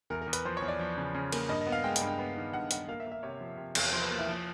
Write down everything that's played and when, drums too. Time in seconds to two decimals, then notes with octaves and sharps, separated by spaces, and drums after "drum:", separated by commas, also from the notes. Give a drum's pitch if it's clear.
0.10 E2 A#4
0.22 A#4
0.28 E2
0.33 B4, drum: hi-hat
0.45 F3 C5
0.57 E2 C#5
0.68 D5
0.79 F3
0.97 C#3
1.14 C#3
1.32 A#3, drum: cymbal
1.49 G2 D#5
1.61 D#5
1.67 B3
1.72 F5
1.84 G#3 G5
1.96 G5, drum: hi-hat
2.01 G2
2.07 G5
2.19 B3
2.36 D#3
2.53 G2 F#5
2.71 G2 F#5, drum: hi-hat
2.88 A#3 F5
3.00 E5
3.06 A#3
3.12 E5
3.23 C3 C#5
3.41 F3
3.58 C3
3.75 E2, drum: cymbal
3.92 F3 C5
4.01 B4
4.10 A#3 F4
4.19 E4
4.28 F3